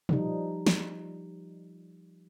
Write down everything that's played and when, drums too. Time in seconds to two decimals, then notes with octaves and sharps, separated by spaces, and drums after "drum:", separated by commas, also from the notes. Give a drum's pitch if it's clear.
0.09 F3 G3 D#4, drum: tom
0.67 drum: snare